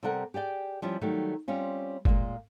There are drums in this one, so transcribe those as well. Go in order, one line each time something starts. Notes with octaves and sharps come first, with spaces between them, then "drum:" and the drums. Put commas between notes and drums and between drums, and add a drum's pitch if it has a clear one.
C3 G3 A4 A#4 F#5
G4 G#4 D5 G5
F3 G3 C#4 E4
D#3 F#3 G3 A3
G3 C4 C#4 F4
A#2 G#3 A#3, drum: kick F#1